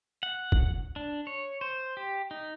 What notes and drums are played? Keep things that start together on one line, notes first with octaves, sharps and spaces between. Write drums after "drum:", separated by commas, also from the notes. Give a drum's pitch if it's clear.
F#5
drum: kick
D4
C#5
C5
G4
D#4